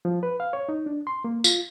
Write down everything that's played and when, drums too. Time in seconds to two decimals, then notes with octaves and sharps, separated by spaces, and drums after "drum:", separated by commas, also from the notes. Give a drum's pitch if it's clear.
0.05 F3
0.23 B4
0.40 F5
0.53 C#5
0.69 D#4
0.86 D4
1.07 C6
1.24 A#3
1.44 F4, drum: tambourine